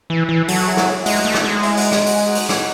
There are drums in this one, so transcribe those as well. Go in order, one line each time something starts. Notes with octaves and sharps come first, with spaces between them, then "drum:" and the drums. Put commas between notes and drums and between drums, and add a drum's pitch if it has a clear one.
E3
E3
F#3 F#4 A4, drum: open hi-hat
A4
E4 G#4
drum: rim click
E4 G#4
G#3 D#4 F#4, drum: open hi-hat
A3
drum: rim click
G#3
C#4 E4, drum: open hi-hat
D#4 F#4, drum: open hi-hat
drum: rim click
F#4, drum: open hi-hat
G#4
D#4 F#4
drum: open hi-hat
drum: rim click